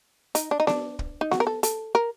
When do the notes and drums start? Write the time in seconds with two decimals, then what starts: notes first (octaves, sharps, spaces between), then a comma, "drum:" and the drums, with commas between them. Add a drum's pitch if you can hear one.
0.35 D#4, drum: hi-hat
0.51 D4
0.60 D#4
0.67 D4, drum: snare B3
0.99 drum: kick
1.21 D#4
1.31 F#4, drum: snare B3
1.40 A#4
1.47 A4
1.63 A4, drum: hi-hat
1.95 A#4